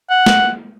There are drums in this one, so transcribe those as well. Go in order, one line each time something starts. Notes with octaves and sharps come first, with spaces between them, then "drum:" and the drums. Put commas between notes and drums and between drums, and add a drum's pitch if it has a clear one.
F#5
drum: snare